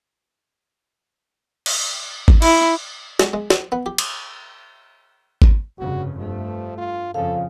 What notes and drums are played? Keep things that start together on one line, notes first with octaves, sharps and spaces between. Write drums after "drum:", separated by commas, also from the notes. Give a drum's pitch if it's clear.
drum: cymbal
drum: kick G#1
E4, drum: cymbal
G#3, drum: snare
G#3
C5, drum: snare
B3
G4
drum: cymbal
drum: kick G#1
F1 G2 C#3 F#4
G2 F3 A3
F4
F2 C#3 F3 A4 F5